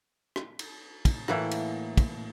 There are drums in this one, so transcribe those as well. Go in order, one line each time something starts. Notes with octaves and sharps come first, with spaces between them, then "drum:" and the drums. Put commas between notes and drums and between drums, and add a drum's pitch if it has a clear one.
drum: rim click
drum: cymbal
drum: kick, cymbal
A2 E3 A#3 F#5, drum: rim click
drum: cymbal
drum: kick, cymbal